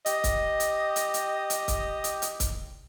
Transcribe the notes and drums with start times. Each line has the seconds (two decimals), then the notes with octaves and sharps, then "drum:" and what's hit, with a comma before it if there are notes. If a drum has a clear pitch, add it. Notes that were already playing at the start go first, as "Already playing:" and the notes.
0.06 G4 D#5, drum: hi-hat
0.24 drum: kick C#1, hi-hat
0.60 drum: hi-hat
0.96 drum: hi-hat
1.14 drum: hi-hat
1.50 drum: hi-hat
1.68 drum: kick C#1, hi-hat
2.04 drum: hi-hat
2.22 drum: hi-hat
2.40 drum: kick C#1, hi-hat